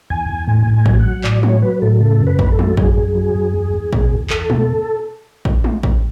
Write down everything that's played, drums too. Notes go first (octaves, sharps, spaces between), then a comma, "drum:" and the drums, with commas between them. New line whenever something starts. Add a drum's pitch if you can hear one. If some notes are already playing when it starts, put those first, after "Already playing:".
E2 G#5
E2
A2 G#5
A2
G#5
F#3, drum: kick A1
F#5
F#3
A2 D5, drum: clap
F#3 C#5, drum: tom G#3
F#3 B4
A2 A4
C#3 A4
F#2
B4
F#2, drum: kick A1
A4
F#3, drum: tom G#3
F#2 G#4, drum: kick A1
F#2
F#3
F#2
E2
E2
B2, drum: kick A1
E2
E2 A4, drum: clap
B2, drum: tom G#3
drum: kick A1
drum: tom G#3
drum: kick A1